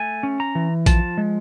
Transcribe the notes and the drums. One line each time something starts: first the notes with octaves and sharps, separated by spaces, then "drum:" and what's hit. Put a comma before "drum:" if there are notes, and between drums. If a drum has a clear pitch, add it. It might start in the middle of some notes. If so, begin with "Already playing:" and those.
Already playing: A3 G#5
C#4
A#5
E3
F3 A5, drum: kick A#1, hi-hat
G#3